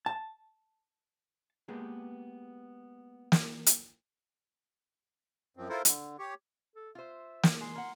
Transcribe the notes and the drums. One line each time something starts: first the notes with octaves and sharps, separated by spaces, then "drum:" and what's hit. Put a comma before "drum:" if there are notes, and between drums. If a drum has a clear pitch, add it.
A5
G#3 A#3 B3 G4 G#4 B4
drum: snare
drum: hi-hat
F#2 F3 C4
E4 F4 A4 A#4 C5
D3, drum: hi-hat
G4 C#5
A4
F4 C5 E5
drum: snare
G#3 C6
A#3 F#5